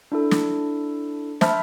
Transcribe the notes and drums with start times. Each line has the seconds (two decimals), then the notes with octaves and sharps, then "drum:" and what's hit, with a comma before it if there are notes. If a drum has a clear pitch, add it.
0.12 D4 E4 A4
0.31 drum: snare
1.41 C5 E5 A5 B5 F6, drum: snare